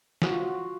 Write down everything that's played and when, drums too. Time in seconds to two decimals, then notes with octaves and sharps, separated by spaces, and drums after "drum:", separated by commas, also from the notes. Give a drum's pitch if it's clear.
0.22 F#4, drum: snare
0.31 F4
0.42 F#4